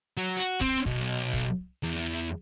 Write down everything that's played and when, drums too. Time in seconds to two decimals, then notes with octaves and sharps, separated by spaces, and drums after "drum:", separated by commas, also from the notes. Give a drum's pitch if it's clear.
0.17 F#3
0.37 F#4
0.61 C4, drum: kick
0.86 B1, drum: kick
1.33 drum: kick
1.83 E2